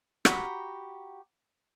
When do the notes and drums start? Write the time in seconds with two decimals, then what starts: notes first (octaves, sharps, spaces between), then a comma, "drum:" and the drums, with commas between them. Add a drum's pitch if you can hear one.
0.25 F#4 G4 A#5 B5, drum: rim click